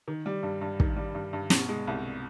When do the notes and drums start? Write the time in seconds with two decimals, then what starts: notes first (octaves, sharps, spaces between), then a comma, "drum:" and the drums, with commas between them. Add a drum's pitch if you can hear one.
0.08 D#3
0.26 G3
0.43 G2
0.61 G2
0.80 D#3, drum: kick
0.96 G3
1.15 G2
1.33 G2
1.50 B2, drum: snare
1.69 G#3
1.87 C2